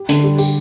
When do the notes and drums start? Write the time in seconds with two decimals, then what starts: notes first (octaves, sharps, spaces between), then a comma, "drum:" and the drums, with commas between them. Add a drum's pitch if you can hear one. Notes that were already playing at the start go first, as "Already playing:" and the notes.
Already playing: G4
0.09 D3, drum: hi-hat
0.24 G3
0.38 G4, drum: tambourine